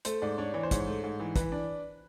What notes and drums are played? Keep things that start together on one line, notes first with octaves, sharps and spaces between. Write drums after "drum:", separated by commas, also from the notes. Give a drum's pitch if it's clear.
A3 C5, drum: hi-hat
G#2 D5
D4 C#5
E3 C#5
C5
G#2 C#5, drum: kick, hi-hat
A3
G#2
E3
E3 B4, drum: kick, hi-hat
D4